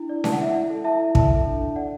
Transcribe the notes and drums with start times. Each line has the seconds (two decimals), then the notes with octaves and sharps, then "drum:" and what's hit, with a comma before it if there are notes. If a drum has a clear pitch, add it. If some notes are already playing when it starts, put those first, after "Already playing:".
Already playing: D4 E4
0.09 D5
0.24 D5 A5, drum: snare C#4
0.32 F#5
0.39 E4 E5
0.50 D5 F#5
0.70 A4
0.84 E4 E5 A5
0.99 E4
1.15 D5 E5 A5, drum: kick
1.31 A4
1.45 D4
1.60 D4
1.76 D5 F#5